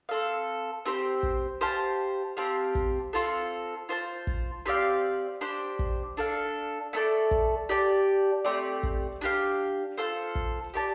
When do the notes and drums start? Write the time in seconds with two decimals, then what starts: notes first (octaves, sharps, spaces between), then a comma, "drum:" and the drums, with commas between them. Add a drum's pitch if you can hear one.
0.09 C4 A4 F5
0.85 C4 G4 C5
1.23 drum: kick
1.61 G4 C5 F5 A5
2.37 C4 G4 F5 A5
2.75 drum: kick
3.13 C4 F4 A4
3.89 F4 C5 A5
4.27 drum: kick
4.66 C4 G4 D5 F5
5.41 D4 G4 C5
5.79 drum: kick
6.17 D4 A4 F5
6.93 A3 D4 A4 D5
7.31 drum: kick
7.69 G4 D5 A5
8.45 A3 C4 G4 D5
8.83 drum: kick
9.21 D4 G4 F5
9.97 F4 A4 C5
10.35 drum: kick
10.74 G4 D5 A5